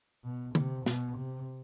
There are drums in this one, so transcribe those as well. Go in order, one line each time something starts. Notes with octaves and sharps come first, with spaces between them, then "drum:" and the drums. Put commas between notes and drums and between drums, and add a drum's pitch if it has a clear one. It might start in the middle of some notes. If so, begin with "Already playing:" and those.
B2
C3, drum: tom D3
B2, drum: snare
C3